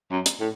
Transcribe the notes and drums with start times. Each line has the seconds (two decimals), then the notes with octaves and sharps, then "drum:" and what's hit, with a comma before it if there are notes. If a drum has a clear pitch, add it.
0.11 F#2
0.26 drum: hi-hat
0.40 A2